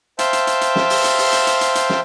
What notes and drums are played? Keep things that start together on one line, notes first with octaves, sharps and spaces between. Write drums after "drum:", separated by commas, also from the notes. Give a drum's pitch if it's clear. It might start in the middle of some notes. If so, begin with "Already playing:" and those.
C5 E5 F5 G5 A5, drum: hi-hat
drum: hi-hat
drum: hi-hat
drum: hi-hat
drum: snare
drum: open hi-hat
drum: hi-hat
drum: open hi-hat
drum: hi-hat
drum: hi-hat
drum: hi-hat
drum: hi-hat
drum: snare